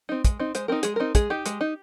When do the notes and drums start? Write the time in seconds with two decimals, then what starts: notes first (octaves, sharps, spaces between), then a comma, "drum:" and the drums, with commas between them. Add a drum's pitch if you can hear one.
0.09 C4 D#4
0.25 G#3, drum: kick, hi-hat
0.39 C4 D#4
0.55 G#3 C5, drum: hi-hat
0.68 C4 D#4 A#4
0.83 G#3 G#4, drum: hi-hat
0.96 C4 D#4 A#4
1.15 G#3 G#4, drum: kick, hi-hat
1.30 D#4 G4
1.46 G#3, drum: hi-hat
1.61 D#4